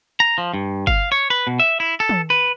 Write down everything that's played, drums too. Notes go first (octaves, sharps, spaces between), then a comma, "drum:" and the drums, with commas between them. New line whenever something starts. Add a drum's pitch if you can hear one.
A#5
F3
G2
F5, drum: kick G1
C#5
B4
B2
E5
E4
A4
drum: tom
B4